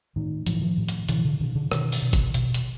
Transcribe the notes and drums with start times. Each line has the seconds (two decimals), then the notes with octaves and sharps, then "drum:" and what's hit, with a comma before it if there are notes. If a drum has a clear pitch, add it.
0.16 A2 D#3
0.46 A2 F3, drum: hi-hat
0.54 E3
0.61 D#3 F3
0.78 A2
0.89 drum: hi-hat
1.09 B2 D3 E3, drum: hi-hat
1.25 D3
1.41 B2 D#3
1.55 D3
1.72 B2 D#3, drum: rim click
1.92 drum: open hi-hat
2.02 B2
2.13 drum: kick, hi-hat
2.34 B2, drum: hi-hat
2.54 drum: hi-hat